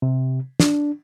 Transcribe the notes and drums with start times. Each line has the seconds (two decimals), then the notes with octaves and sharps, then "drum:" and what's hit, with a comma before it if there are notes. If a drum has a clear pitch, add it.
0.02 C3
0.60 D4, drum: snare